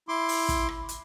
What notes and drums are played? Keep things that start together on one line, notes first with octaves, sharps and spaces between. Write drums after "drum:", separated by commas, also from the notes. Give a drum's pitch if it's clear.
E4 C6 D6
drum: open hi-hat
drum: kick, hi-hat
drum: rim click
drum: hi-hat